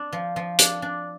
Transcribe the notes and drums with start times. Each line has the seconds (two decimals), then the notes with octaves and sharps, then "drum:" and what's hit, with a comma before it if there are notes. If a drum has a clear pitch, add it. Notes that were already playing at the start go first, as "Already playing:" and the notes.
Already playing: D4
0.13 F3
0.36 F3
0.59 D4, drum: hi-hat
0.82 D4